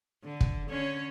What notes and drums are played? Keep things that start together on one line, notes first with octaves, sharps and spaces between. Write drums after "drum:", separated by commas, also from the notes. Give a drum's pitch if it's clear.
D3
drum: kick
D3 C#4 C#5